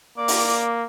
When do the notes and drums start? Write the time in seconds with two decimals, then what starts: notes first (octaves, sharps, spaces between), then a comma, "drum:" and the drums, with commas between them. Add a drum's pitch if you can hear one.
0.18 A#3 D5
0.28 drum: open hi-hat